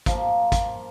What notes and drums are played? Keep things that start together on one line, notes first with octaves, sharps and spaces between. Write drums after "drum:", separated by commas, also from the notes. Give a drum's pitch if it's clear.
F3 A#3, drum: kick, hi-hat
drum: kick, hi-hat